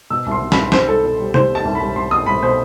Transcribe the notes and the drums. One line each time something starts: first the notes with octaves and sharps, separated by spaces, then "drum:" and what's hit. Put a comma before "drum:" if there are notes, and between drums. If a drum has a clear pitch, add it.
B2 E6
C2
C6
B2
C2 B5, drum: snare
C2 C5, drum: snare
C2 A4
B2 A4
G3
G3 C5, drum: tom C3
B2
A5
C2
B5
C2
C2 C6
B2 D#6
C2 B5
B2 C5